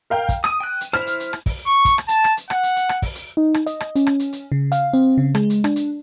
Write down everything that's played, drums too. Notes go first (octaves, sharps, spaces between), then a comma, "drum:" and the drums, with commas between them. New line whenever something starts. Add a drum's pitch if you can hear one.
A#4 F5 G5
drum: kick, hi-hat
D#6 D#7, drum: rim click
G5 F#6
drum: hi-hat
E4 C5 F6, drum: rim click
drum: hi-hat
drum: hi-hat
drum: rim click
drum: kick, open hi-hat
C#6
drum: kick, hi-hat
drum: rim click
A5, drum: hi-hat
drum: rim click
drum: hi-hat
F#5, drum: rim click
drum: hi-hat
drum: hi-hat
drum: rim click
drum: kick, open hi-hat
drum: hi-hat
D#4
drum: rim click
D#5, drum: hi-hat
drum: rim click
C#4, drum: hi-hat
drum: rim click
drum: hi-hat
drum: hi-hat
C#3
F5, drum: hi-hat
C4
C#3
G#3, drum: rim click
drum: hi-hat
D4, drum: rim click
drum: hi-hat